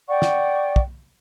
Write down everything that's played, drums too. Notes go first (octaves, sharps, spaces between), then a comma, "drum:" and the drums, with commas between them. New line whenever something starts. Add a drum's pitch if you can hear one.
D5 F#5 G5 C#6
drum: snare
drum: kick